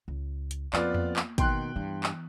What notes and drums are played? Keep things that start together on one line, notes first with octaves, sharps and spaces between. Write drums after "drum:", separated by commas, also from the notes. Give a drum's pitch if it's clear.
C#2
drum: hi-hat
F2 A#3 B3 F4 D5, drum: clap
drum: tom E2
drum: clap
B2 D3 D#3 G5 C6 F#6, drum: kick, hi-hat
G2 E3 B3
drum: clap